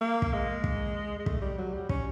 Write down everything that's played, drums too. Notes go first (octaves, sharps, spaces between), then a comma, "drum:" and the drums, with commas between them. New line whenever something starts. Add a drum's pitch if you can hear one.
A#3
drum: kick
G#3
drum: kick
G#3
A3, drum: kick
G3
F#3
G3
C#4, drum: kick